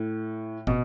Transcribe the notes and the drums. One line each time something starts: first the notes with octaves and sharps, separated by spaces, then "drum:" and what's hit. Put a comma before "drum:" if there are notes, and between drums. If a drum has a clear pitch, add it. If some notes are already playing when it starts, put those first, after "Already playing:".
Already playing: A2
B2, drum: kick